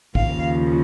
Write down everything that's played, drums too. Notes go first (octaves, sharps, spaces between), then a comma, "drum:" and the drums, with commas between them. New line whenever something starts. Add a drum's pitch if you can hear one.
D#2 C#3 F3 F5, drum: kick A1